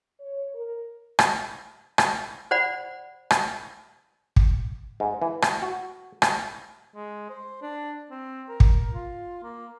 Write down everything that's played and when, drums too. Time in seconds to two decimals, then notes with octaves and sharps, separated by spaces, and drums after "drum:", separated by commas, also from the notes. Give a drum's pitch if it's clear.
0.20 C#5
0.54 A#4
1.19 drum: rim click
1.98 drum: rim click
2.51 C5 D5 F#5 B5
3.30 drum: rim click
4.36 drum: kick
5.00 G#2
5.22 E3
5.42 drum: rim click
5.62 F#4
6.22 drum: rim click
6.95 G#3
7.29 C5
7.62 D4
8.11 C4
8.49 A#4
8.60 drum: kick
8.94 F4
9.43 A#3